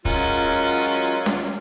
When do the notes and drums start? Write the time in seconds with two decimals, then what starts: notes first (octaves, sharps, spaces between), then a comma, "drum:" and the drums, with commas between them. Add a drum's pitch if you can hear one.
0.05 F#3 G#3 C#4 F4 A#4 F#6, drum: kick
1.26 drum: snare C#4